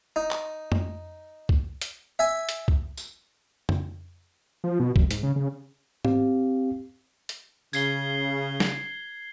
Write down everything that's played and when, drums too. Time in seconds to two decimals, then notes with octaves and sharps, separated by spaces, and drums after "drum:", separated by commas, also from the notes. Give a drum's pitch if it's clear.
0.16 D#4
0.31 drum: clap
0.72 drum: tom F2
1.49 drum: kick C2
1.81 drum: hi-hat
2.19 E5 G#5
2.49 drum: hi-hat
2.68 drum: kick C2
2.97 drum: tambourine
3.69 drum: tom F2
4.64 F3
4.80 B2
4.96 F1, drum: kick C2
5.11 G#2, drum: hi-hat
5.23 C#3
5.36 C#3
6.05 C4 G4 F5, drum: tom G#2
7.29 drum: hi-hat
7.73 C#3 G#6 C7 G7, drum: tambourine
8.60 drum: snare